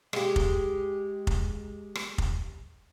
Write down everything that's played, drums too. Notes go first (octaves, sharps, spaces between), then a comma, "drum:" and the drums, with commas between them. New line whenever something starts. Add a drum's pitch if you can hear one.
G#3 G4, drum: rim click
drum: kick F1
drum: kick F1
drum: rim click
drum: kick F1